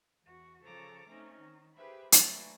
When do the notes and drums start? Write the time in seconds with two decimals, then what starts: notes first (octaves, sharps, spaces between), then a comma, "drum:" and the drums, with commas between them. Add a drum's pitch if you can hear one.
0.22 E2 F#4
0.62 C#3 F3 A4 C#5 A#5 D6
1.07 A3 C4 C#4 D#4
1.39 D#3
1.74 G4 G#4 B4 C5 E5 B5
2.12 E3 F#3 A3 A#3 D4, drum: hi-hat